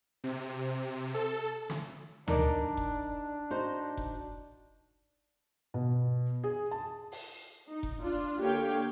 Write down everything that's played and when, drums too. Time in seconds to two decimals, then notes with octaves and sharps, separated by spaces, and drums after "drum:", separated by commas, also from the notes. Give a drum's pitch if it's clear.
0.24 C3
1.14 A4
1.70 drum: snare
2.28 D4 D#4 A#4 D5, drum: tom D2
2.77 drum: kick F1
3.50 D#4 F#4 C5
3.97 drum: kick F1
5.74 B2
6.44 G#4
6.71 A5
7.12 drum: open hi-hat
7.69 D#4
7.83 drum: kick F1
8.02 D4 F4
8.40 D3 A#3 G4 C#5 F5 G5